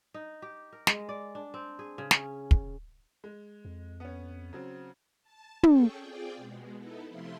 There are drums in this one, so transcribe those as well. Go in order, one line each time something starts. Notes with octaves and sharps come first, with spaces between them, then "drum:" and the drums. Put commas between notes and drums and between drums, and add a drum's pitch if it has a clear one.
D#4
G4
A#4
G#3, drum: snare
D5
D4
C4
G#4
C#3
C#4, drum: snare
drum: kick
G#3
F2
B3 C#4
C#3 F#3 C4
A5
C#4 G#4 A4 G5 C#6, drum: tom
C4 F4 G#4 D5 G5
B2 G#3
B3 D#4 E4 A4
C3 F3 A3 E4 F4 C6